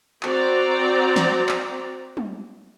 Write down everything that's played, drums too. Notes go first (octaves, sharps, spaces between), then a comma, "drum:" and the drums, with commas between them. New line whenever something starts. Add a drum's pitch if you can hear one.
C4 F#4 D5 A#5, drum: clap
drum: snare
drum: clap
drum: tom